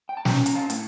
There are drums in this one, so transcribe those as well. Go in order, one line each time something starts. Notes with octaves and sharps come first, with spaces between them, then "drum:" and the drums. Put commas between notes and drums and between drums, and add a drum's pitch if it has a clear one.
G5
A5
C#4 G5 A#5, drum: snare
A#5, drum: hi-hat
F5 A5
A2, drum: hi-hat